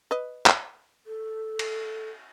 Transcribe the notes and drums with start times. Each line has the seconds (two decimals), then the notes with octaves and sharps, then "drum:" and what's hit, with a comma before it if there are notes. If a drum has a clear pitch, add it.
0.11 B4 D#5
0.46 drum: clap
1.07 A4
1.59 drum: cymbal